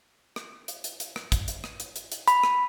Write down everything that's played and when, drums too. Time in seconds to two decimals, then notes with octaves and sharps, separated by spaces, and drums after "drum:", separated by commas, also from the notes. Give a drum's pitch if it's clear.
0.36 drum: rim click
0.68 drum: hi-hat
0.84 drum: hi-hat
1.00 drum: hi-hat
1.16 drum: rim click
1.32 drum: kick, hi-hat
1.48 drum: hi-hat
1.64 drum: rim click
1.80 drum: hi-hat
1.96 drum: hi-hat
2.12 drum: hi-hat
2.28 B5, drum: hi-hat
2.43 drum: rim click